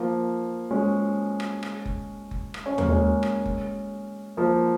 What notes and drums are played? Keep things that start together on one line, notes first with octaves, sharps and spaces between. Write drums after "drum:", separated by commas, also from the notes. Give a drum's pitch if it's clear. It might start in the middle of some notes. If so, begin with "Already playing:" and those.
Already playing: F3 A#3
G#3 C#4
drum: rim click
drum: rim click
drum: kick F#1
drum: kick F#1
drum: rim click
C#4
A#3, drum: tom D#2
G#3 C#4
drum: rim click
drum: kick F#1
F3 A#3